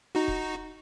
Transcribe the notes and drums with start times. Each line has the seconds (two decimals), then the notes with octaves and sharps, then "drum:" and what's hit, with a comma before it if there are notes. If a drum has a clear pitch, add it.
0.15 D#4 F#4
0.28 drum: kick D#1